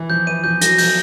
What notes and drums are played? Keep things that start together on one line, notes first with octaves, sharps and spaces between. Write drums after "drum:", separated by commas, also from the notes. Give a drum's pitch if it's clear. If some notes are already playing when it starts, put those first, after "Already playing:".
Already playing: E3
F3 G6
E3 D#7
F3 G6
F#3 A#6, drum: hi-hat
F3 G6, drum: open hi-hat